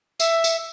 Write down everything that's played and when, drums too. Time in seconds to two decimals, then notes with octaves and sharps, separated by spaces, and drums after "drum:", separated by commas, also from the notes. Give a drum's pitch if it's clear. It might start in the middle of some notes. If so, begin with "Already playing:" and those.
0.20 E5, drum: tambourine
0.44 drum: tambourine